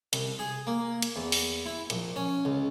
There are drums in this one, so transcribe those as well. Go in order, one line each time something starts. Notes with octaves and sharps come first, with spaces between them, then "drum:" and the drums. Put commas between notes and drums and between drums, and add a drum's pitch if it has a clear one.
C2, drum: hi-hat
G#4
A#3
drum: hi-hat
E2
drum: open hi-hat
E4
A#1, drum: hi-hat
C#4
C#2